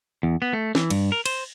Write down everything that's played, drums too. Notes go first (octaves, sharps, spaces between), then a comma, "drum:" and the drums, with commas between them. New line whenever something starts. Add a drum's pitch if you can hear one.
E2
B3
A3
E3, drum: snare
G2, drum: cymbal
A#4
C5, drum: cymbal